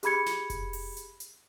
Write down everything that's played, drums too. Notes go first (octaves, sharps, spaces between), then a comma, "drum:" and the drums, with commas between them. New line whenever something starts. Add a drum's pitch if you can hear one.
G4 G#4 B5 G#6 C#7, drum: hi-hat
drum: snare
drum: kick F1, hi-hat
drum: open hi-hat
drum: hi-hat
drum: hi-hat